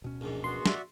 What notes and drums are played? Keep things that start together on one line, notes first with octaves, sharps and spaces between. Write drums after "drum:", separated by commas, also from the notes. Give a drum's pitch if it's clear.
D1 B2 C#4
A#1 E2 G#2
B3 F#4 C6
F#4 D5 E5, drum: snare